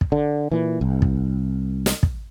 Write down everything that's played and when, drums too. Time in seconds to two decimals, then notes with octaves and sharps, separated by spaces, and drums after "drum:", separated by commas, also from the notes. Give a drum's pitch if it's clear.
0.01 drum: kick
0.12 D3
0.52 A#2 E3
0.81 C2
1.02 drum: kick
1.86 drum: snare
2.03 drum: kick